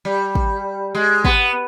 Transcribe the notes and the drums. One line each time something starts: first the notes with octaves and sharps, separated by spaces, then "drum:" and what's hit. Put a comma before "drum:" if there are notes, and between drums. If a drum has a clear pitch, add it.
G3
drum: kick
G#3
B3, drum: kick